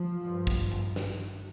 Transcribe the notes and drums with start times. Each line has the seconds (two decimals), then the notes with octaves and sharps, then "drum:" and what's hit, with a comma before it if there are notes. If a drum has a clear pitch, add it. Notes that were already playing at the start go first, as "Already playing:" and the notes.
Already playing: F3
0.22 G2
0.47 drum: kick
0.72 drum: tom G#2
0.96 drum: snare